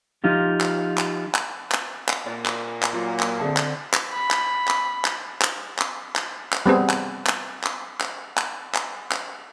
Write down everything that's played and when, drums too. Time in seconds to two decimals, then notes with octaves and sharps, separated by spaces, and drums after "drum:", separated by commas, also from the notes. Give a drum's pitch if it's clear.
0.24 F3 D#4 F4 G4
0.61 drum: clap
0.98 drum: clap
1.35 drum: clap
1.72 drum: clap
2.09 drum: clap
2.26 A#2 A#4 D5
2.46 drum: clap
2.83 drum: clap
2.94 F#3 A#3 F4
3.20 drum: clap
3.39 D3 C4 G#4 E5 A5
3.57 drum: clap
3.94 drum: clap
4.12 B5
4.31 drum: clap
4.68 drum: clap
5.05 drum: clap
5.42 drum: clap
5.79 drum: clap
6.16 drum: clap
6.53 drum: clap
6.66 G3 B3 C4 G#4
6.90 drum: clap
7.27 drum: clap
7.64 drum: clap
8.01 drum: clap
8.38 drum: clap
8.75 drum: clap
9.12 drum: clap